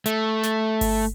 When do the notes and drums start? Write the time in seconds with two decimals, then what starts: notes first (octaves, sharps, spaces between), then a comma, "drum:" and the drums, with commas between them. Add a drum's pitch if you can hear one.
0.06 A3, drum: hi-hat
0.43 drum: snare
0.81 drum: kick G1, open hi-hat